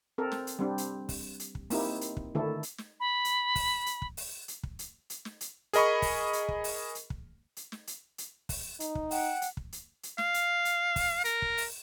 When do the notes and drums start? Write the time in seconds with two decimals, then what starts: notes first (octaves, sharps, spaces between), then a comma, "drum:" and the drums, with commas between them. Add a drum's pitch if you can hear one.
0.18 C4 A4 A#4
0.32 drum: snare
0.47 drum: hi-hat
0.59 G3 C4 D4
0.78 drum: hi-hat
1.09 drum: kick, open hi-hat
1.40 drum: hi-hat
1.55 drum: kick
1.70 A#3 C4 D#4 E4 G4, drum: open hi-hat
2.01 drum: hi-hat
2.17 drum: kick
2.35 D3 D#3 A3 D4 E4 A4
2.63 drum: hi-hat
2.78 drum: snare
3.00 B5
3.25 drum: hi-hat
3.55 drum: kick, open hi-hat
3.86 drum: hi-hat
4.02 drum: kick
4.17 drum: open hi-hat
4.48 drum: hi-hat
4.63 drum: kick
4.79 drum: hi-hat
5.10 drum: hi-hat
5.25 drum: snare
5.41 drum: hi-hat
5.73 G#4 A#4 D#5 B5 C#6, drum: hi-hat
6.02 drum: kick, open hi-hat
6.33 drum: hi-hat
6.49 drum: kick
6.64 drum: open hi-hat
6.95 drum: hi-hat
7.10 drum: kick
7.57 drum: hi-hat
7.72 drum: snare
7.87 drum: hi-hat
8.18 drum: hi-hat
8.49 drum: kick, open hi-hat
8.80 D#4, drum: hi-hat
8.95 drum: kick
9.11 F#5 G5, drum: open hi-hat
9.42 drum: hi-hat
9.57 drum: kick
9.72 drum: hi-hat
10.03 drum: hi-hat
10.18 F5, drum: snare
10.34 drum: hi-hat
10.65 drum: hi-hat
10.96 drum: kick, open hi-hat
11.25 A#4, drum: hi-hat
11.42 drum: kick
11.58 drum: open hi-hat